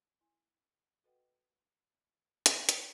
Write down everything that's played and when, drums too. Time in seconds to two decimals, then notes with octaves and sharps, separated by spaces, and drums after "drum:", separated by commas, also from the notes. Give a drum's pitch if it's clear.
0.21 E4 G#5
1.04 F#4 A4 B4 D#5 F#5 G5
2.46 drum: hi-hat
2.69 drum: hi-hat